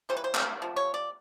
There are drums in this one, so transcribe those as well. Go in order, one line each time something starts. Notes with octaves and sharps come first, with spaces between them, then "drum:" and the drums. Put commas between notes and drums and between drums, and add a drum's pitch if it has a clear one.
E3 G3 A#3 C#4 C5
B4
C5
drum: clap
C3 F3
C#5
D5